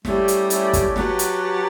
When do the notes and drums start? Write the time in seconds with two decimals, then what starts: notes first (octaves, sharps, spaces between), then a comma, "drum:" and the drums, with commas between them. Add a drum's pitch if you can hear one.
0.05 G3 A3 C#4 E4 G4 D5, drum: snare
0.28 drum: hi-hat
0.50 A3 C#4 E4 G4 D5, drum: hi-hat
0.73 drum: kick, hi-hat
0.96 F#3 G4 B4 F#5 A5, drum: snare
1.19 drum: hi-hat
1.41 G4 B4 F#5 A5